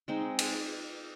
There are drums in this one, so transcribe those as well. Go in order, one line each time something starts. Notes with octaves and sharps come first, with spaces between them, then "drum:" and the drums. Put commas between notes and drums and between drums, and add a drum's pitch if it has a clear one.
G#3 C4 D#4
drum: cymbal